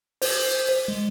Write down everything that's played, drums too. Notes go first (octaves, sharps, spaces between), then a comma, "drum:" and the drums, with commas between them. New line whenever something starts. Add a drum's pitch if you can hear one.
C5, drum: open hi-hat
G#3